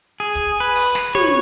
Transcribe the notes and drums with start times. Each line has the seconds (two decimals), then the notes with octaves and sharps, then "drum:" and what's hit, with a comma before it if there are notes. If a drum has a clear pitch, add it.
0.20 G#4
0.35 drum: kick, hi-hat
0.60 B4
0.75 drum: open hi-hat
0.95 drum: snare
1.15 C#5, drum: tom